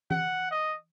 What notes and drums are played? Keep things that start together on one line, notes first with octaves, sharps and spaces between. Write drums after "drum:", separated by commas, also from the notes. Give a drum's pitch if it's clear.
F#5, drum: tom E3
D#5